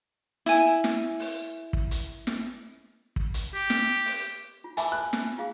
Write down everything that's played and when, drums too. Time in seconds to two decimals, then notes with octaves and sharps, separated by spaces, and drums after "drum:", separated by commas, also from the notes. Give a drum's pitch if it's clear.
0.46 E4 G#5, drum: hi-hat
0.84 drum: snare
1.20 drum: open hi-hat
1.73 drum: kick
1.91 drum: hi-hat
2.27 drum: snare
3.16 drum: kick
3.34 drum: hi-hat
3.55 G4
3.70 drum: snare
4.06 drum: open hi-hat
4.64 F4
4.77 E5 G#5 A5 B5 D6, drum: hi-hat
4.92 F#6
5.13 drum: snare
5.38 F4 G#4 F5